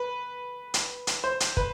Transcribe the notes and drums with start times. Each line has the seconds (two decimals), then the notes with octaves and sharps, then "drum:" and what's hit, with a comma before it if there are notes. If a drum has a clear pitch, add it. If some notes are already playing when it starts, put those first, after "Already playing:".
Already playing: B4
0.74 drum: hi-hat
1.07 drum: hi-hat
1.24 C5
1.40 drum: hi-hat
1.57 B4, drum: kick